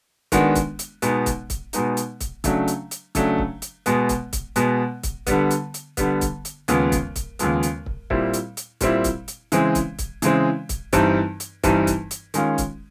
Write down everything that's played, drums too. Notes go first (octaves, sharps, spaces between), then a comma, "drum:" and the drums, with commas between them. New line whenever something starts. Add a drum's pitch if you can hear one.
D#3 G#3 B3 D4 F#4, drum: kick, hi-hat
drum: kick, hi-hat
drum: hi-hat
B2 G#3 B3 D#4, drum: hi-hat
drum: kick, hi-hat
drum: kick, hi-hat
B2 G#3 B3 D#4, drum: hi-hat
drum: hi-hat
drum: kick, hi-hat
C#3 F#3 A3 D4, drum: kick, hi-hat
drum: hi-hat
drum: hi-hat
C#3 F#3 A3 D4, drum: kick, hi-hat
drum: kick
drum: hi-hat
B2 G#3 B3, drum: hi-hat
drum: kick, hi-hat
drum: kick, hi-hat
B2 G#3 B3, drum: hi-hat
drum: kick, hi-hat
D3 G3 B3, drum: kick, hi-hat
drum: hi-hat
drum: hi-hat
D3 G3 B3, drum: kick, hi-hat
drum: kick, hi-hat
drum: hi-hat
D#2 C#3 F3 G#3 B3, drum: hi-hat
drum: kick, hi-hat
drum: kick, hi-hat
D#2 C#3 F3 G#3 B3, drum: hi-hat
drum: hi-hat
drum: kick
A#2 G3 C4 E4, drum: kick
drum: hi-hat
drum: hi-hat
A#2 G3 C4 E4, drum: kick, hi-hat
drum: kick, hi-hat
drum: hi-hat
C#3 E3 G#3 C4, drum: hi-hat
drum: kick, hi-hat
drum: kick, hi-hat
C#3 E3 G#3 C4, drum: hi-hat
drum: kick, hi-hat
G2 E3 G3 C4 D#4, drum: kick, hi-hat
drum: hi-hat
G2 E3 G3 C4 D#4, drum: kick, hi-hat
drum: kick, hi-hat
drum: hi-hat
D#3 G#3 C#4 F4, drum: hi-hat
drum: kick, hi-hat